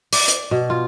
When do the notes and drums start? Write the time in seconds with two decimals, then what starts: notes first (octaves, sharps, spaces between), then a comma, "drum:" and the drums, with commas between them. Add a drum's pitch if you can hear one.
0.13 D5, drum: open hi-hat
0.28 drum: hi-hat
0.51 B2
0.70 F4